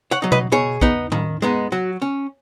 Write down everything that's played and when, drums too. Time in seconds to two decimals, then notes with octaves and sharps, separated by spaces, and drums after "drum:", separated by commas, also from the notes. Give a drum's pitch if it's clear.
0.11 C#5 F#5
0.22 F#3 D#4
0.32 B4 D#5, drum: tom B2
0.52 B2 G#4 C#5
0.81 B3 D#4, drum: kick A#1
1.12 D#3, drum: tom A2
1.42 G#3 B3 D#4
1.72 F#3 F#4
2.02 C#4